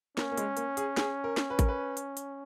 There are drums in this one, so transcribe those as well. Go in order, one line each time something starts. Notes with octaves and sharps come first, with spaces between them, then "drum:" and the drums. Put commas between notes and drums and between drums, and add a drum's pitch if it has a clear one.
A#3 C#4, drum: snare
A#3
G#3, drum: hi-hat
A#3, drum: hi-hat
G#4, drum: hi-hat
G#4, drum: snare
A#4
drum: snare
B4
A#4, drum: kick A1, hi-hat
B4
drum: hi-hat
drum: hi-hat